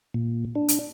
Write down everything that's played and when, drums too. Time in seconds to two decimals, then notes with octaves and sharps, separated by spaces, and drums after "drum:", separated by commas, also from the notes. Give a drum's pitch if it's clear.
0.14 A#2
0.55 D4
0.68 drum: hi-hat